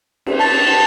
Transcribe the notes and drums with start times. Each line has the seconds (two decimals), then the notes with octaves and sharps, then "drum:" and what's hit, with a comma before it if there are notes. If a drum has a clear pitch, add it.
0.26 drum: cymbal
0.40 A5